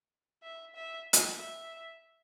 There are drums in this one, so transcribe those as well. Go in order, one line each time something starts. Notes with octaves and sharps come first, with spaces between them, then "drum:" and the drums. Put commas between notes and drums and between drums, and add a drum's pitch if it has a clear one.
E5
E5
drum: hi-hat
E5